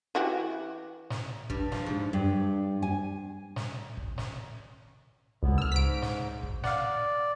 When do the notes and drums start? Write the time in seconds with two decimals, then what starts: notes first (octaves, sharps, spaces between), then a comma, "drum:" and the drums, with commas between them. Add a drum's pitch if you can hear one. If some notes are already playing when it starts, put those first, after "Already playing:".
0.15 E3 F#4 G4
1.10 drum: snare
1.50 G2, drum: kick
1.72 F3, drum: snare
1.86 G#2
2.13 G2
2.82 G#5
3.56 drum: snare
3.97 drum: kick
4.18 drum: snare
5.43 C#2 D3 B3
5.58 E6 F6
5.72 G#2 B6 D7
6.02 drum: snare
6.43 drum: kick
6.64 D5 F5 F#5, drum: snare